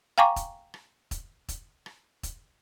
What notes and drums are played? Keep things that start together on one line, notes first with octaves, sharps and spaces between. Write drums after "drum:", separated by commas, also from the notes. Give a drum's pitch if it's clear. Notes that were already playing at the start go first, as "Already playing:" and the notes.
F5 G5 G#5 A#5 C#6 D6
drum: kick E1, hi-hat
drum: rim click
drum: kick E1, hi-hat
drum: kick E1, hi-hat
drum: rim click
drum: kick E1, hi-hat